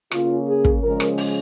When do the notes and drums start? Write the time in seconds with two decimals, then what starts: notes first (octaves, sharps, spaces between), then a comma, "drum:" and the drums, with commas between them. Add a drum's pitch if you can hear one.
0.11 C#3 A#3 C#4 F4, drum: rim click
0.47 G#4
0.65 drum: kick
0.82 C#3 F3 G#3 C#4 A#4
1.00 drum: rim click
1.18 drum: open hi-hat